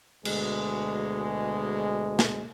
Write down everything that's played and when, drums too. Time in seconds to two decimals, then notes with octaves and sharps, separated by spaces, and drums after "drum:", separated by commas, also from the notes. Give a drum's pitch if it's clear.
0.25 D2 B2 G#3, drum: cymbal
2.19 drum: snare